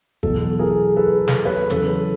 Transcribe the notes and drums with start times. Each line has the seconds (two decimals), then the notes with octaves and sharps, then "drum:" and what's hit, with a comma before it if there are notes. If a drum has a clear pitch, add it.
0.23 E2 B2 F#3 A4, drum: kick G#1
0.59 G#4 A#4
0.96 A4 B4
1.28 drum: snare
1.45 B4 C#5
1.70 E2 C#3 F#3 A4 B4, drum: hi-hat